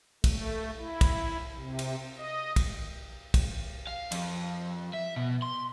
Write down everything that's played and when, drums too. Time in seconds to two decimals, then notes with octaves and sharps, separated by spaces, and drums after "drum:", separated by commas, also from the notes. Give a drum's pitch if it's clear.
0.24 A3, drum: kick, cymbal
0.79 E4
1.01 drum: kick, cymbal
1.57 C3
1.79 drum: cymbal
2.18 D#5
2.56 drum: kick, cymbal
3.34 drum: kick, cymbal
3.87 F5
4.12 F2, drum: cymbal
4.94 E5
5.16 B2
5.42 C6